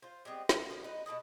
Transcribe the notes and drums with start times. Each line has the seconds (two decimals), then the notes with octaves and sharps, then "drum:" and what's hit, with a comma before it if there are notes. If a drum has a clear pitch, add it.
0.02 F4 C5
0.25 G3 G#3 B3 C4
0.49 A3, drum: snare
0.70 D3 F3
0.84 D#4 B4
1.06 B2 A4 B4 D#5